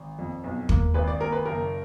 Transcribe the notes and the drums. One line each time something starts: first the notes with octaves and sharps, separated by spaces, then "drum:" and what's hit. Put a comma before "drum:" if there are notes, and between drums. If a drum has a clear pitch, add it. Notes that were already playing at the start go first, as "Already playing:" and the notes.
Already playing: G#1
F2
B1
A#3, drum: kick
G#1 B4
D5
A#3 A#4
B4
F#1 A#4